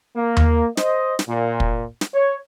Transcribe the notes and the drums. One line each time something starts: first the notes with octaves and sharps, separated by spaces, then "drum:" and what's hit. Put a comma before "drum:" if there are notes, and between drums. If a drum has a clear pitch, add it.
A#3
drum: tom D#2
C5 D#5, drum: snare
drum: snare
A#2
drum: kick
drum: snare
C#5